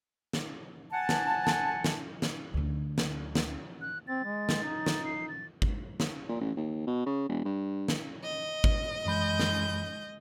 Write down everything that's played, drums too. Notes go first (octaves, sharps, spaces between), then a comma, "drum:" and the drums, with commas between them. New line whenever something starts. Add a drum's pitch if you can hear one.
drum: snare
F#5 G#5 A5
drum: snare
drum: snare
drum: snare
drum: snare
D2 D3
drum: snare
drum: snare
F#6
C4 A6
G#3
drum: snare
D#4
drum: snare
C7
A6
drum: kick G#1
drum: snare
A#2
A1
D#2
B2
C#3
E1
G2
drum: snare
D#5
drum: kick G#1
F#2 E3 G#3 B5 G6
drum: snare